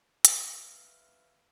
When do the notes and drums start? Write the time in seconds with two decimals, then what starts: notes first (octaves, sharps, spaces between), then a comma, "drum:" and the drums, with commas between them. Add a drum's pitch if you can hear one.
0.25 B4 E5 F5, drum: hi-hat